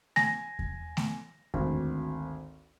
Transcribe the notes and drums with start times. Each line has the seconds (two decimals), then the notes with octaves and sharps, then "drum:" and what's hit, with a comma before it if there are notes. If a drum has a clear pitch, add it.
0.16 G#5 A#6, drum: snare A3
0.59 drum: kick E2
0.97 drum: snare A3
1.54 G#1 D2, drum: kick E2